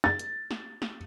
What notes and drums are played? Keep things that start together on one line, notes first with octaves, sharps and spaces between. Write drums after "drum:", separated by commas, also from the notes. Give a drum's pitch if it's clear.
A6, drum: snare
drum: hi-hat
drum: snare
drum: snare